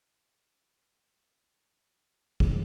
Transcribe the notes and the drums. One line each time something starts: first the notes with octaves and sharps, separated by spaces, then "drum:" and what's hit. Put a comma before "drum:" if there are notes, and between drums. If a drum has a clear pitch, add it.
E3 G#3 C#4 F#4
B2 G#3 D4 F#4
B2 G#3 D4 F#4
B2 G#3 C#4 E4
B2 G#3 C#4 E4
drum: kick